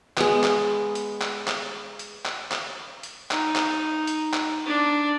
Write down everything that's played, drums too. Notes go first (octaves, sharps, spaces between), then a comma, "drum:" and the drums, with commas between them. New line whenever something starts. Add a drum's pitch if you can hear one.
G#3 B3, drum: clap
drum: clap
drum: hi-hat
drum: clap
drum: clap
drum: hi-hat
drum: clap
drum: clap
drum: hi-hat
D#4, drum: clap
drum: clap
drum: hi-hat
drum: clap
D4